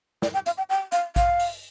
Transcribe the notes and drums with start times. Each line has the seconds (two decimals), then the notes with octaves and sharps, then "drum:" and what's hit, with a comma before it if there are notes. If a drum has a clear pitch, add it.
0.22 D5, drum: snare
0.34 G5
0.46 F5, drum: hi-hat
0.58 G5
0.70 G5
0.92 F5, drum: hi-hat
1.16 F5, drum: kick A1, hi-hat
1.40 drum: open hi-hat